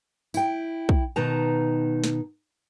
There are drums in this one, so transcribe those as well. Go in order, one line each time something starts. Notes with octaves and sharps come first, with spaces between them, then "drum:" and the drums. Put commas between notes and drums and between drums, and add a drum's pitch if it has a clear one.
E4 G5, drum: tambourine
drum: kick
B2 D#3 D#4 B4 A5 A#5
drum: snare